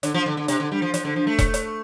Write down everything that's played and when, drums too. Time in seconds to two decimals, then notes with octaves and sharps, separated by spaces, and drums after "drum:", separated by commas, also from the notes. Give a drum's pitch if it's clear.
0.03 D3, drum: hi-hat
0.14 F3
0.26 D3
0.37 D3
0.48 C3, drum: hi-hat
0.60 D3
0.72 G3
0.82 F3
0.94 F3, drum: hi-hat
1.05 D3
1.16 F3
1.27 A3
1.39 drum: kick E1, hi-hat
1.54 drum: hi-hat